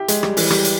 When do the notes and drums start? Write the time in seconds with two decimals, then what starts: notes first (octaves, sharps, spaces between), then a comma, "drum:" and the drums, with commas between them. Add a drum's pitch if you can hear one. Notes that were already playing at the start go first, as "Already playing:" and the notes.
Already playing: E4 G4
0.08 G#3, drum: hi-hat
0.23 G3, drum: rim click
0.37 E3, drum: open hi-hat
0.50 G3, drum: rim click
0.65 drum: hi-hat